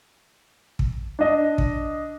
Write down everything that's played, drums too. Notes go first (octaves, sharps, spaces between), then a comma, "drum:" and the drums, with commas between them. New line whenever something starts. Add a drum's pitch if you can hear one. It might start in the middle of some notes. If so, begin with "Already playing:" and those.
drum: kick
D4 D#5
drum: kick